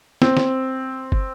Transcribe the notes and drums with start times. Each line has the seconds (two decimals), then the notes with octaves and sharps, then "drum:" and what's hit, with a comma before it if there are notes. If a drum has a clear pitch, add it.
0.22 C4, drum: snare
0.37 drum: snare
1.12 drum: kick